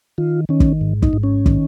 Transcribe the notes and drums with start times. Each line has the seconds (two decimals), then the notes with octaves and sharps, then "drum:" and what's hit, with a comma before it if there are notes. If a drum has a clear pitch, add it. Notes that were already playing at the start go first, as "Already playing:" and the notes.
0.18 D#3 F4
0.49 D#3 C#4
0.60 drum: kick
0.81 G#2
1.02 D#4, drum: kick
1.13 G#2
1.23 C#4
1.46 D#3, drum: kick